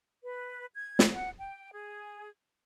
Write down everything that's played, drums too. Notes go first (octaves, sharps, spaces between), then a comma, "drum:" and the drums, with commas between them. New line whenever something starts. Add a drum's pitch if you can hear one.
B4
G#6
drum: snare
F#5
G5
G#4